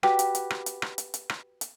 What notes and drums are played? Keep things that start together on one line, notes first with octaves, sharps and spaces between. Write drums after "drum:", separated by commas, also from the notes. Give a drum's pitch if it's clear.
F#4 G4 B4, drum: rim click
drum: hi-hat
drum: hi-hat
drum: rim click
drum: hi-hat
drum: rim click
drum: hi-hat
drum: hi-hat
drum: rim click
drum: hi-hat